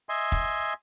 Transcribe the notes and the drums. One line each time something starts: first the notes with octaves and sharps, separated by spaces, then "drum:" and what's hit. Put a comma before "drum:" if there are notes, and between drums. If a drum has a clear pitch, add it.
D#5 E5 G#5 C6
drum: kick